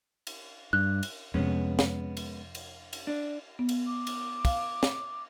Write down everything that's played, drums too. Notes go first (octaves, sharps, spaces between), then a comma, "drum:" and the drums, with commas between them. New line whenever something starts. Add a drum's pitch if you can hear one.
drum: cymbal
G2 F#6
drum: cymbal
F2 C3 G#3 B3 C#4
drum: snare
drum: cymbal
drum: cymbal
drum: cymbal
D4
B3
drum: cymbal
D6
drum: cymbal
F5, drum: kick, cymbal
drum: snare